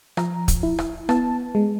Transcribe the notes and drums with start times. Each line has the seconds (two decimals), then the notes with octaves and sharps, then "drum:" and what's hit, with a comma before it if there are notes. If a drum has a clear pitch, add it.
0.17 F3 A#5, drum: rim click
0.48 drum: kick, hi-hat
0.63 E4
0.79 drum: rim click
1.09 B3 A5, drum: rim click
1.55 G#3